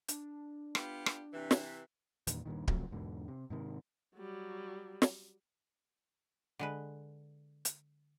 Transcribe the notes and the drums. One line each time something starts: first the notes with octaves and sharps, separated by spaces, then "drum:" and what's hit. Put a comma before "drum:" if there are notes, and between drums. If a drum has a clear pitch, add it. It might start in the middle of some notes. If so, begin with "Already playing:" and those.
D4, drum: hi-hat
B3 F4 G4, drum: rim click
drum: rim click
C3 E3
drum: snare
E2 G2 A#2 D#3, drum: hi-hat
D#1 G2 A#2 D#3
C3 F3 F#3 A3, drum: kick D1
E2 G#2 B2 D3
C3
G#2 C3 D#3
F#3 G3
drum: snare
D3 G#3 B4
drum: hi-hat